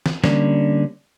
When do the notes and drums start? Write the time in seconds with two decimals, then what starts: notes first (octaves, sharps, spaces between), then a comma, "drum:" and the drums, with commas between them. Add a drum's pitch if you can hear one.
0.06 drum: snare
0.24 D3 G3 A#3 C#4 D4, drum: snare